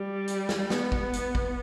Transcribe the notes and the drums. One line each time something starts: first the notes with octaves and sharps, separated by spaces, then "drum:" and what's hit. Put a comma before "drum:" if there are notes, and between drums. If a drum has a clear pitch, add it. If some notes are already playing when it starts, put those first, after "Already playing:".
Already playing: G3
drum: hi-hat
drum: snare
B3, drum: snare
drum: kick
drum: hi-hat
drum: kick